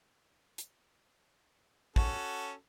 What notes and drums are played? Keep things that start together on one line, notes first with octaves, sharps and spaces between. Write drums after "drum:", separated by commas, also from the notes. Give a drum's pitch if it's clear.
drum: hi-hat
C#4 F#4 A4, drum: kick A1